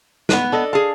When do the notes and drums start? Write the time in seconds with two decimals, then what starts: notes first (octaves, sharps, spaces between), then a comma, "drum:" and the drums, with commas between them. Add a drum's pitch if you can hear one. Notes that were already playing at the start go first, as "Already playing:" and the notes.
0.29 B3 B4, drum: snare
0.52 D4 A4 D#5
0.73 G#4 F5 A5